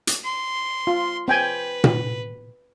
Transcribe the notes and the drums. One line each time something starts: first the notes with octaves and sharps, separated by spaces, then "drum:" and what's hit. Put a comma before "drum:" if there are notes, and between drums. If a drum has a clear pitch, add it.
drum: hi-hat
C6
F4
C4 B4 G5 G#5
drum: tom A#2